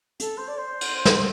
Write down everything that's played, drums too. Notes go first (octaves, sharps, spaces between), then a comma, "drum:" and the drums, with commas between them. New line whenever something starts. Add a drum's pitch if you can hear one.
A4, drum: hi-hat
C5
D5
C5
drum: cymbal
drum: snare